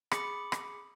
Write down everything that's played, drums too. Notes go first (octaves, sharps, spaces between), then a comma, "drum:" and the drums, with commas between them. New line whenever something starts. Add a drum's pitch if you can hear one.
G#4 B5 D6 C#7, drum: rim click
drum: rim click